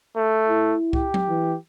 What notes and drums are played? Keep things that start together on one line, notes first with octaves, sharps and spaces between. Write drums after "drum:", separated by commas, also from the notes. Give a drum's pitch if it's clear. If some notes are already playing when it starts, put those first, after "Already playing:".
A3
E4
G4, drum: kick C2
drum: tom F#3
E3